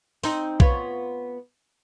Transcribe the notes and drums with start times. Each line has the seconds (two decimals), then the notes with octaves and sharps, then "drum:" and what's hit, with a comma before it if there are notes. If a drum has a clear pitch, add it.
0.24 C4 D#4, drum: open hi-hat
0.60 B3 F4 C#5, drum: kick B1